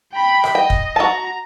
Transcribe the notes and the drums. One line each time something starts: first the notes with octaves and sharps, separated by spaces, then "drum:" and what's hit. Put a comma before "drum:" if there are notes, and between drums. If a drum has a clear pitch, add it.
G5 B5
drum: rim click
D#5 G5
drum: kick
F#4 A5 A#5